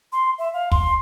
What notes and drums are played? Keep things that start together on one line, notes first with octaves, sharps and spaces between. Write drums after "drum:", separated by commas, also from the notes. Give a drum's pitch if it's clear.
C6
E5
F5
C6, drum: kick